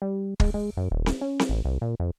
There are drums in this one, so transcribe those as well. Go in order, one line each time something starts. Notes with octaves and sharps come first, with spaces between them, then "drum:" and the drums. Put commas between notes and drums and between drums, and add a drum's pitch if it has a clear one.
G3
G#3, drum: kick
G#3
F#2
D#1
drum: snare C4
C#4
drum: snare C4
A1
C2
A#2
F2